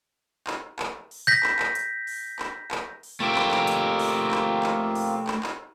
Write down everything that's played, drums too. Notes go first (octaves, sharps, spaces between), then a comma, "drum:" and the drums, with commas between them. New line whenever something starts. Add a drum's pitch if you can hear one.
drum: clap
drum: clap
drum: open hi-hat
G6 A#6 B6
drum: clap
drum: clap
drum: hi-hat
drum: open hi-hat
drum: clap
drum: clap
drum: open hi-hat
A3 A#3 C4 F4 G4
drum: clap
drum: clap
drum: hi-hat
drum: open hi-hat
drum: clap
drum: clap
drum: open hi-hat
drum: clap
drum: clap